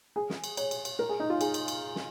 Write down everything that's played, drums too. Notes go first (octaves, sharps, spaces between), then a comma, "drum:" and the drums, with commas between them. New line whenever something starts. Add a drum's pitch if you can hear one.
G#4
drum: snare
drum: cymbal
C#5, drum: cymbal
drum: cymbal
drum: cymbal
A#4
G#4
D#4
F4
G#4, drum: cymbal
drum: cymbal
drum: cymbal
drum: snare